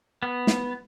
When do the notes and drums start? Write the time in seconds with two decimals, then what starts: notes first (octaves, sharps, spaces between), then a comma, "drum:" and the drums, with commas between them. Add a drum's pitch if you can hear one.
0.23 B3
0.47 drum: snare